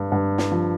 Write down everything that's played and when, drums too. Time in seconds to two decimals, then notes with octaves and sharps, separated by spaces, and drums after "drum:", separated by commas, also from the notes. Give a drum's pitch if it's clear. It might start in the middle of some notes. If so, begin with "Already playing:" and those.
Already playing: G2
0.12 G2
0.38 drum: snare
0.52 F3